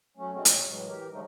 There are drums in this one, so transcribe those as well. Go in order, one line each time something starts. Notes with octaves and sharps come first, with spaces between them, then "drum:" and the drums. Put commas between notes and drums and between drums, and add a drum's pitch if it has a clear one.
F#3 A3 C#4
B2 D3 G#3 A3 C4 C#4
C3 C#5, drum: hi-hat
A2 E3 F#3 G#3
E3 G4 A#4
D3 F3 F#3 G#3 A3 D#4